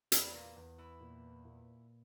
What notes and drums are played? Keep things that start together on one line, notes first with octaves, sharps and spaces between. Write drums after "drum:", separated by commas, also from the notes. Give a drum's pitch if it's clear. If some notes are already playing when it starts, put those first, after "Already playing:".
E2 G3, drum: hi-hat
A#2 A#3
E2
E3 E4
A#2
A#2